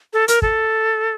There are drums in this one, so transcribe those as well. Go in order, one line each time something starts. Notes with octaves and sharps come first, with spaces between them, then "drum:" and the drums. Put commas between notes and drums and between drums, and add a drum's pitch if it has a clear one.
A4
A#4, drum: hi-hat
A4, drum: kick